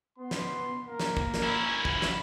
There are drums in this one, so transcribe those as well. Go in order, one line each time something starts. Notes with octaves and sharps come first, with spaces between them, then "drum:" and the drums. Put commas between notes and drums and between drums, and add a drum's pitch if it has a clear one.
B3 C6
drum: snare
A#3 A#4
drum: snare
drum: kick
drum: snare
C#4 E4
D3 F3 F#5, drum: kick
drum: snare